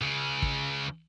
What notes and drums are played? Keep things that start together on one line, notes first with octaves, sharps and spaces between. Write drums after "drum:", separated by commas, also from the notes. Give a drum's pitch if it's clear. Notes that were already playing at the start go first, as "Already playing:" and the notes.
C#2 C#3
drum: kick